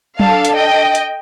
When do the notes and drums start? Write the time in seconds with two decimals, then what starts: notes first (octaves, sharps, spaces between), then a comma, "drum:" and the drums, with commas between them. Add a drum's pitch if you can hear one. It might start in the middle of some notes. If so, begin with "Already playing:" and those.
0.20 D4 A4 F5 A5, drum: tom F#3
0.45 drum: hi-hat
0.57 D#5 G5
0.95 drum: hi-hat